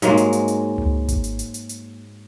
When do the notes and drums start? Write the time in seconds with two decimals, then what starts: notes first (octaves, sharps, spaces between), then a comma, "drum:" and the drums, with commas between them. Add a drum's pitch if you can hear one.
0.02 G#2 F#3 G#3 A#3, drum: hi-hat
0.17 drum: hi-hat
0.33 drum: hi-hat
0.48 drum: hi-hat
0.78 drum: tom C#2
1.08 drum: kick G#1, hi-hat
1.24 drum: hi-hat
1.39 drum: hi-hat
1.54 drum: hi-hat
1.69 drum: hi-hat